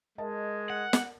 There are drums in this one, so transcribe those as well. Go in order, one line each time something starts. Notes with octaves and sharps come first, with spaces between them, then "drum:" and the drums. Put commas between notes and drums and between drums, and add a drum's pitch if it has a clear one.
G#3 A#4 D#5 A5
F#5
drum: snare